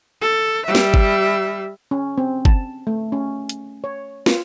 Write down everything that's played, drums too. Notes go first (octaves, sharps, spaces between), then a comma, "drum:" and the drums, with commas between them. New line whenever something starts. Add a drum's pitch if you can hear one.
A4
G3 E5
drum: snare
drum: kick
C#4
C4
A5, drum: kick
A3
C#4
drum: hi-hat
C#5
F4, drum: snare